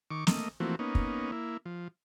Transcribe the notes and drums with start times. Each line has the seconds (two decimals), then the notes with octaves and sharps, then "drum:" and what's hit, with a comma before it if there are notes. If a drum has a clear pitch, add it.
0.11 D#3 C#6 D6
0.27 A3 A#3 D#5, drum: snare
0.60 E3 F3 A3 A#3 C4 F#4
0.79 A#3 B3 C#4 D#4
0.95 drum: kick
1.32 A#3 E4
1.66 F3